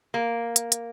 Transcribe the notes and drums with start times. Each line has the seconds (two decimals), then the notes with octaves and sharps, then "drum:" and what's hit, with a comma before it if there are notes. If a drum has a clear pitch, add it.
0.14 A#3
0.56 drum: hi-hat
0.72 drum: hi-hat